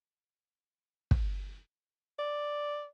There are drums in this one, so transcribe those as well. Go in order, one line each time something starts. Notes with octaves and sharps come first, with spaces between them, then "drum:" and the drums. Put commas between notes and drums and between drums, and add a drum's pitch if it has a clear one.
drum: kick
D5